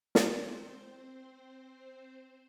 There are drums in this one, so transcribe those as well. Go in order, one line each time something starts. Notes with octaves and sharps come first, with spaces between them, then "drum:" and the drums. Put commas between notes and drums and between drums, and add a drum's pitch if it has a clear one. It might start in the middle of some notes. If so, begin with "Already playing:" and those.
C4 C5, drum: snare